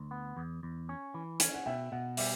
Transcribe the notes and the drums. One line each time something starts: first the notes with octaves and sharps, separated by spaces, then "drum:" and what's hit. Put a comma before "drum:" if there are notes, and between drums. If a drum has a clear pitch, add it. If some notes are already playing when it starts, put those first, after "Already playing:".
Already playing: D2
B3
E2
E2
C#4
E3
C#4, drum: hi-hat
F#5
B2 E5 G5
B2 F#5
G3 E5, drum: open hi-hat